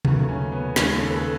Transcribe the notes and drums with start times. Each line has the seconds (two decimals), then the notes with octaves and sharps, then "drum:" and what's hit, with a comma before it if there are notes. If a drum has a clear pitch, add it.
0.05 D#2 C#3 F#3 A3 B3, drum: tom B2
0.29 C#4
0.52 B3
0.76 D#2 C#3 G#3 C#4, drum: snare
0.99 A4
1.07 B4
1.16 A4